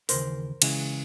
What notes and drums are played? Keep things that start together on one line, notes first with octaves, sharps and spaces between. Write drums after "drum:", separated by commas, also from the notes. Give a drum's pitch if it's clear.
D#2 C#3 E3 A#4 C5, drum: open hi-hat
C#3 E3 G#3, drum: cymbal